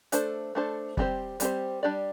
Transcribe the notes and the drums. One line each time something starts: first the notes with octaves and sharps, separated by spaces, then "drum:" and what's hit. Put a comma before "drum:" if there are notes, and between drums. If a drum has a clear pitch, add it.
A3 D4 A4 C5, drum: hi-hat
A3 D4 A4 C5
G3 C4 G4 C5, drum: kick
G3 C4 G4 C5, drum: hi-hat
G3 D4 G4 D5